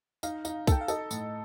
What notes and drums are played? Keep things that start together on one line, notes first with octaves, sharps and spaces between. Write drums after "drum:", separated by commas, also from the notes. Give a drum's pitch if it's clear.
D#4 F5, drum: tambourine
D#4, drum: tambourine
A4 G5, drum: kick, tambourine
F5
A4 D#5, drum: tambourine
A2, drum: tambourine